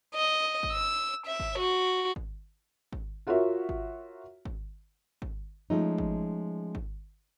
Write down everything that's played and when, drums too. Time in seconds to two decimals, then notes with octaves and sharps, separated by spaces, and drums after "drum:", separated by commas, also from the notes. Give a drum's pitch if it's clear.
0.15 D#5
0.63 drum: kick G#1
0.72 E6
1.27 E5
1.40 drum: kick G#1
1.59 F#4
2.16 drum: kick G#1
2.92 drum: kick G#1
3.27 F4 F#4 A#4 C#5 E5
3.69 drum: kick G#1
4.45 drum: kick G#1
5.22 drum: kick G#1
5.70 F3 G#3 A3 C#4 D#4
5.98 drum: kick G#1
6.75 drum: kick G#1